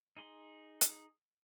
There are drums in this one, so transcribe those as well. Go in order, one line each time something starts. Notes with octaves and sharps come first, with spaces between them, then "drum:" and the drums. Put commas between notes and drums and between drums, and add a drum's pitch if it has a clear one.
D#4 G#4 C6
drum: hi-hat